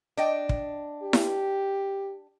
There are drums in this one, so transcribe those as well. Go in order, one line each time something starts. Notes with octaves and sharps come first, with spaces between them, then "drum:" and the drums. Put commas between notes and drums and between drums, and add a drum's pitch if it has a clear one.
D4 D#5 G5
drum: kick
G4
drum: snare E4